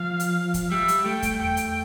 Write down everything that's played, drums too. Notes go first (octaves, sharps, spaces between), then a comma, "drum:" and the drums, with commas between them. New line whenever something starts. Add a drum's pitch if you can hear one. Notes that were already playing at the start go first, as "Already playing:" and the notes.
Already playing: F3 F5
drum: hi-hat
drum: kick, hi-hat
G3 E5
drum: hi-hat
A3 G5
drum: kick, hi-hat
G5, drum: tom E2
drum: hi-hat